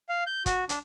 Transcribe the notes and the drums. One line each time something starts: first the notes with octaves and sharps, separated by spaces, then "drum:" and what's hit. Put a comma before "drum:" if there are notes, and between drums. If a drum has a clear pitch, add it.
F5
G6
F#4, drum: kick, hi-hat
D4, drum: hi-hat